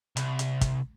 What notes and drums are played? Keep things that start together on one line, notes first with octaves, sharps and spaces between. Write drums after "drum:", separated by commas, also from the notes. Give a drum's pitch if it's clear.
C2, drum: hi-hat
drum: hi-hat
drum: kick, hi-hat